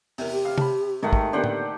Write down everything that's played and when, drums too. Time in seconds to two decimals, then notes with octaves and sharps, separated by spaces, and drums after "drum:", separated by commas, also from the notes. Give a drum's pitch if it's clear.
0.18 E2 C3 A#4, drum: open hi-hat
0.32 G4
0.45 F5 F6
0.58 A5 B5, drum: tom
1.03 G#2 D#3 A3 F#5
1.13 drum: kick
1.33 D3 A#3 B3 G4 C5 D5 F#5
1.44 drum: tom A2